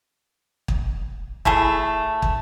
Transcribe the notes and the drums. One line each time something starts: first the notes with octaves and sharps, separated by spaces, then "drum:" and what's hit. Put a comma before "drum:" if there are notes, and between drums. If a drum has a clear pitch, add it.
drum: kick
A3 E4 G#4 A4, drum: kick
drum: kick